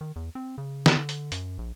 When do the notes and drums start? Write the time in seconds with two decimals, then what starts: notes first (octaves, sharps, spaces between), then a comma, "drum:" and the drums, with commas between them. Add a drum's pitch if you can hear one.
0.01 D#3
0.16 E2
0.35 C4
0.58 C#3
0.86 drum: snare
0.97 D3
1.09 drum: hi-hat
1.32 F#2, drum: hi-hat
1.58 A#1